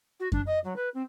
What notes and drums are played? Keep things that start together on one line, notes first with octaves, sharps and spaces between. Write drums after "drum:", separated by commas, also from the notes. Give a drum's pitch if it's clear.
F#4
D4, drum: kick F#2
D#5
F#3
B4
C4